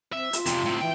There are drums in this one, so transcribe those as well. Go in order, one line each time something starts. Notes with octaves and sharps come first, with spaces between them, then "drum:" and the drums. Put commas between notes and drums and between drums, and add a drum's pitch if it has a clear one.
C4 E5
F4, drum: hi-hat
F2 C3, drum: hi-hat
A2 C4
E3 G5